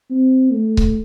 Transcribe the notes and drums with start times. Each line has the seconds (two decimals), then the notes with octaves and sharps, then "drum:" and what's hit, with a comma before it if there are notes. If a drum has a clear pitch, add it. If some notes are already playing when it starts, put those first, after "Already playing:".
0.11 C4
0.52 A3
0.77 drum: kick C#1